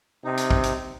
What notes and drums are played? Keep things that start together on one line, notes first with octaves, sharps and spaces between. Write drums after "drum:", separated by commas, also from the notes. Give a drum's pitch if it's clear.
C3 D#4
drum: hi-hat
drum: kick
drum: hi-hat